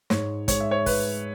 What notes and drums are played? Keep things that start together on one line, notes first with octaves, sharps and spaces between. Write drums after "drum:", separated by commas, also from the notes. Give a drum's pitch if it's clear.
G#2 C#5, drum: snare
G#3 C#5, drum: kick, hi-hat
E5
C#5
B4, drum: kick, open hi-hat